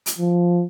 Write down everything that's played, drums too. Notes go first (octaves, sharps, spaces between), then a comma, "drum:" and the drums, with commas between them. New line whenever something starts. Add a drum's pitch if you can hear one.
drum: hi-hat
F3